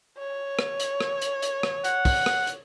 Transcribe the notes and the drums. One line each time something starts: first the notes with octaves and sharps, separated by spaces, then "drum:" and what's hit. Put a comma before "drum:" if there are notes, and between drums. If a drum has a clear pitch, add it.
C#5
drum: rim click
drum: hi-hat
drum: rim click
drum: hi-hat
drum: hi-hat
drum: rim click
F#5, drum: hi-hat
drum: kick, open hi-hat
drum: rim click
drum: hi-hat